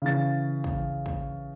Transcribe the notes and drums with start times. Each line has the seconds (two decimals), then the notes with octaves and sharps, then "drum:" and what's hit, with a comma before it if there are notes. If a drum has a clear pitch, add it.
0.02 C#3 E3 A6
0.64 drum: kick
1.06 drum: kick